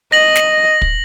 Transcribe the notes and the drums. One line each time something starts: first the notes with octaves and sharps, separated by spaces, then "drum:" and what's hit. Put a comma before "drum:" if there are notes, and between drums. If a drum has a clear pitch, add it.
D#5 A#6 F#7
drum: snare
drum: kick